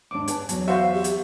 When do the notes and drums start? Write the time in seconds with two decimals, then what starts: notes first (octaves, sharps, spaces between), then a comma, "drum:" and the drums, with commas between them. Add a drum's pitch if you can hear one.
0.11 D#2 G#2 D4 D6
0.28 B4 G#5 A5, drum: hi-hat
0.49 E2 F#3, drum: hi-hat
0.68 F#4 C5 E5 F5
0.94 G4
1.04 drum: hi-hat